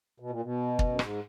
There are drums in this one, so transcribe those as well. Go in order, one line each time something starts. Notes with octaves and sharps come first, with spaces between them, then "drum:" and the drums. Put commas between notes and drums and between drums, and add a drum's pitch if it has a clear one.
B2
A#2
B2
drum: kick
F#2
G#2, drum: rim click